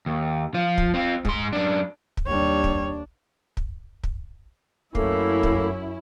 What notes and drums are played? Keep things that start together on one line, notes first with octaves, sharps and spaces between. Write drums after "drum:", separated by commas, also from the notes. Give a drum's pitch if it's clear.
D#2
F3 F4
drum: kick
C4 F4
G#2 C6, drum: kick
F#2 D4
drum: kick
D#2 G3 D4 C#5
drum: kick
drum: kick
drum: kick
F#2 A3 A#3 C#4 E4, drum: kick
drum: kick